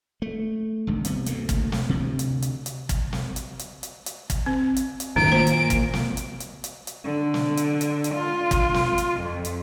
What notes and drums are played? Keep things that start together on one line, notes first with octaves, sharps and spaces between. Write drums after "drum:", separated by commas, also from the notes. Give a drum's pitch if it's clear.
A3
G1 C2 G2 D#3
C3 B3, drum: hi-hat
D2 A3 A#3, drum: hi-hat
drum: kick, hi-hat
drum: snare
D2 C3
drum: hi-hat
drum: hi-hat
drum: hi-hat
drum: kick, hi-hat
drum: snare
drum: hi-hat
drum: hi-hat
drum: hi-hat
drum: hi-hat
drum: kick, hi-hat
C4
drum: hi-hat
drum: hi-hat
F#1 D2 A2 D#3 D7
A#2 C5
drum: hi-hat
drum: kick, hi-hat
drum: snare
drum: hi-hat
drum: hi-hat
drum: hi-hat
drum: hi-hat
D3
drum: snare
drum: hi-hat
drum: hi-hat
drum: hi-hat
F4
drum: kick, hi-hat
drum: snare
drum: hi-hat
F2
drum: hi-hat